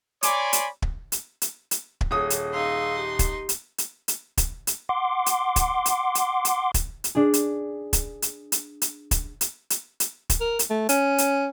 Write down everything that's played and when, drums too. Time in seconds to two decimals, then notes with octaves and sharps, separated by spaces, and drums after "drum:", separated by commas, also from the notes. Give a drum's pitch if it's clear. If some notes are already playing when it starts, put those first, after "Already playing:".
0.23 C#5 D5 G#5 B5 C6 D6, drum: hi-hat
0.53 drum: hi-hat
0.82 drum: kick
1.12 drum: hi-hat
1.41 drum: hi-hat
1.71 drum: hi-hat
2.01 drum: kick
2.11 D#1 G#4 C#5 D#6
2.30 drum: hi-hat
2.53 D#4 G#4 F5 C6 E6
2.97 G4
3.19 drum: kick, hi-hat
3.49 drum: hi-hat
3.78 drum: hi-hat
4.08 drum: hi-hat
4.38 drum: kick, hi-hat
4.67 drum: hi-hat
4.89 F#5 C6 D6
5.26 drum: hi-hat
5.56 drum: kick, hi-hat
5.86 drum: hi-hat
6.15 drum: hi-hat
6.45 drum: hi-hat
6.74 drum: kick, hi-hat
7.04 drum: hi-hat
7.15 D4 G#4
7.34 drum: hi-hat
7.93 drum: kick, hi-hat
8.22 drum: hi-hat
8.52 drum: hi-hat
8.82 drum: hi-hat
9.11 drum: kick, hi-hat
9.41 drum: hi-hat
9.70 drum: hi-hat
10.00 drum: hi-hat
10.30 drum: kick, hi-hat
10.41 A#4
10.59 drum: hi-hat
10.70 A3
10.89 C#4, drum: hi-hat
11.18 drum: hi-hat